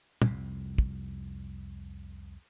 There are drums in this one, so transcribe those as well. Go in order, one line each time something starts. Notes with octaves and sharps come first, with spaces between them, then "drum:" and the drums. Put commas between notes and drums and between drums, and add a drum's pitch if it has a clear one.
C2 F2 C3, drum: tom
drum: kick